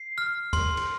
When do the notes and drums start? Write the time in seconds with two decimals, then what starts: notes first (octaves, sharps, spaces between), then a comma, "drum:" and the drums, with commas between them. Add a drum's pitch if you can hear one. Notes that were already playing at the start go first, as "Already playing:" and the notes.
Already playing: C7
0.18 F6
0.53 C6, drum: kick, cymbal
0.77 drum: cymbal